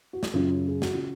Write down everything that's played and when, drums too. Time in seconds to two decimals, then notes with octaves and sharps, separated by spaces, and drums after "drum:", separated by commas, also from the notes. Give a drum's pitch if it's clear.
0.13 F#4
0.23 drum: snare
0.34 F#2 C#3 F4
0.68 G#4
0.82 F#4, drum: snare
0.94 C#3 F4